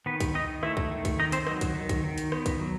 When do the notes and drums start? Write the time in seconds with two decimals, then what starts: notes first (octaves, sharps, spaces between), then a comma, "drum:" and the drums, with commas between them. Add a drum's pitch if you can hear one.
0.06 D#3 B3 B4
0.20 drum: kick, hi-hat
0.34 D#3 D#4 D#5
0.63 A3 E4 E5, drum: rim click
0.77 drum: kick
0.91 D#3
1.05 drum: kick, hi-hat
1.19 D#3 D#4 D#5
1.32 C4 C5, drum: hi-hat
1.47 F#3 D#4 D#5, drum: rim click
1.61 drum: kick, hi-hat
1.75 D#3
1.89 drum: kick, hi-hat
2.04 D#3
2.18 drum: hi-hat
2.32 B3, drum: rim click
2.46 drum: kick, hi-hat
2.60 F#3